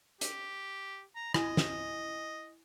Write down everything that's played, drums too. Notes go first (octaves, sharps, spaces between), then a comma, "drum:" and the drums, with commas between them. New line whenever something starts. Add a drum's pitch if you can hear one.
G4, drum: hi-hat
A#5
E4 D#5 G#5, drum: rim click
drum: snare